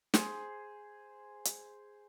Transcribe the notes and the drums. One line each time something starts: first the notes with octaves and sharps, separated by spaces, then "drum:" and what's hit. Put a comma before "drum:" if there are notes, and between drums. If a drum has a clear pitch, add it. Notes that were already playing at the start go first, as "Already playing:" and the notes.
G#4 C5, drum: snare
drum: hi-hat